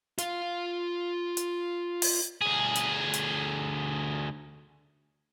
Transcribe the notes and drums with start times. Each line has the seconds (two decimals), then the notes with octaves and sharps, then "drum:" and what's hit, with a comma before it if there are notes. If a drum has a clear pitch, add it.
0.18 F4 F5, drum: hi-hat
1.37 drum: hi-hat
2.02 drum: open hi-hat
2.41 D2 G#4
2.75 drum: hi-hat
3.14 drum: hi-hat